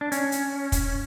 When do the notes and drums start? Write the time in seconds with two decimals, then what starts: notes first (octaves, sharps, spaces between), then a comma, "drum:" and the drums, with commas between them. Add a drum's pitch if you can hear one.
0.01 D4
0.12 C#4, drum: hi-hat
0.32 drum: hi-hat
0.72 drum: kick, hi-hat